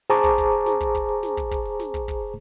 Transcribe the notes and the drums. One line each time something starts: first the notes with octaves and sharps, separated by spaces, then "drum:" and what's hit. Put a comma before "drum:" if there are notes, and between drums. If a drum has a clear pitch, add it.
G#4 C5 A5 A#5 C#6 D6, drum: snare
drum: kick, hi-hat
drum: kick, hi-hat
drum: hi-hat
drum: snare
drum: kick
drum: kick, hi-hat
drum: hi-hat
drum: snare
drum: kick, hi-hat
drum: kick, hi-hat
drum: hi-hat
drum: snare
drum: kick, hi-hat
drum: kick, hi-hat